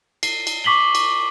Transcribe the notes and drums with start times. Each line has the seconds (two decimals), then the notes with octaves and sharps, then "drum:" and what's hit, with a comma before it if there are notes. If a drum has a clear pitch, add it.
0.23 C7, drum: cymbal
0.47 drum: cymbal
0.64 C#6 D6 B6 F#7 G7
0.95 drum: cymbal